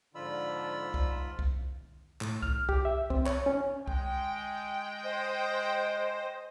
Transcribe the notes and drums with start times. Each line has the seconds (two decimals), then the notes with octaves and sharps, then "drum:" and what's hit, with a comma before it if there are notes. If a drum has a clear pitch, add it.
0.15 G#2 D3 F3 F4 D5 B5 E6
0.94 drum: kick
1.39 drum: kick
2.21 A2, drum: clap
2.43 F6, drum: kick
2.69 G4, drum: kick
2.85 E5
3.10 C4, drum: kick
3.26 C#5, drum: clap
3.46 C#4
3.88 G#3 G5, drum: kick
5.05 C5 D#5